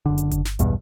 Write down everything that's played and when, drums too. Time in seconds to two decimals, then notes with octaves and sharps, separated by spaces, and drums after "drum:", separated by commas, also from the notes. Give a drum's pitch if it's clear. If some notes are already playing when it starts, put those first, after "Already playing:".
0.06 F#1 D3
0.18 drum: hi-hat
0.31 drum: kick G1, hi-hat
0.45 drum: snare
0.59 B1 E2 G2 B2, drum: hi-hat